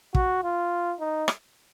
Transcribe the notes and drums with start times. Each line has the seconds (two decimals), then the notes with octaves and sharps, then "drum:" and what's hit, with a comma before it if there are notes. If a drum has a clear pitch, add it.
0.15 F#4, drum: kick
0.44 F4
1.00 D#4
1.28 drum: rim click